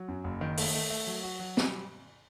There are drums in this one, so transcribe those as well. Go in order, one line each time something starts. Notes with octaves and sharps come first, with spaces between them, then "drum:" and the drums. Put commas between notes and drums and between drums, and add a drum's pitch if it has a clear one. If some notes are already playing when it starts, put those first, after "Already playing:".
Already playing: F#3
F#2
F#1
D#3
A3, drum: open hi-hat
A3
A3
F#3
F#4
F#3
G3, drum: snare